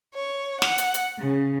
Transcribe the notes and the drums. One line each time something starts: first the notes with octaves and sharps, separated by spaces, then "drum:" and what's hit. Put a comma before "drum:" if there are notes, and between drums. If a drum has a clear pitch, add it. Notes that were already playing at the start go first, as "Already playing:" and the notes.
C#5
F#5, drum: snare
drum: hi-hat
drum: hi-hat
C#3